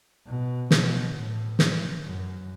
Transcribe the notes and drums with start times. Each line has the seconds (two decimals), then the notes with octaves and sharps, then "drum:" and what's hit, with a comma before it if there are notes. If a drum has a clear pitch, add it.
0.26 B2
0.71 B2, drum: snare
1.14 A2
1.59 drum: snare
2.04 F#2